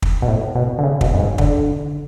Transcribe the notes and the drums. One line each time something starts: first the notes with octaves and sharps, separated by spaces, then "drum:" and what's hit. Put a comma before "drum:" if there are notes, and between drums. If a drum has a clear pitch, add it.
drum: kick
B2
A2
B2
D3
C#3
B2, drum: kick
F#2
G#2
D3, drum: kick